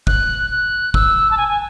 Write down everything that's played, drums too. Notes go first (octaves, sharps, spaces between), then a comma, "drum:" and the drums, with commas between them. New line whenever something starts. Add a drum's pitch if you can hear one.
F#6, drum: kick
F#6
E6, drum: kick
A5
G#5
G#5